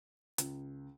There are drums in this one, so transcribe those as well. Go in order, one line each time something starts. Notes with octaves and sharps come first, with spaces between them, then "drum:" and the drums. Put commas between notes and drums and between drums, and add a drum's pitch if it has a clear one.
C#2, drum: hi-hat